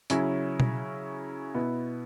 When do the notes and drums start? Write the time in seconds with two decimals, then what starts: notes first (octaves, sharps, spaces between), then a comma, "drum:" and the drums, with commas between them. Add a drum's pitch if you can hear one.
0.10 C#3 F#3 C#4 E4, drum: hi-hat
0.60 drum: tom B2
1.54 B2 B3 E4